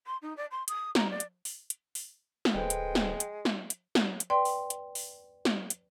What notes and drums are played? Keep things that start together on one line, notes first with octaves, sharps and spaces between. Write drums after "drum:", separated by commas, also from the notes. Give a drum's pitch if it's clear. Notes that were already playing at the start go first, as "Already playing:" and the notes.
C6
D#4
D5
C6
D#6, drum: hi-hat
A#5, drum: snare
D5
drum: hi-hat
drum: open hi-hat
drum: hi-hat
drum: open hi-hat
drum: snare
D1 G#3 A4 B4 C5 G5
drum: hi-hat
drum: snare
drum: hi-hat
drum: snare
drum: hi-hat
drum: snare
drum: hi-hat
B4 D5 G5 C6
drum: open hi-hat
drum: hi-hat
drum: open hi-hat
drum: snare
drum: hi-hat